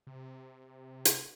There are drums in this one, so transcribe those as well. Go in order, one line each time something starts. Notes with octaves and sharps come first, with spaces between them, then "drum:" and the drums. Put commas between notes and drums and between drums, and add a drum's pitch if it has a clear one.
C3
drum: hi-hat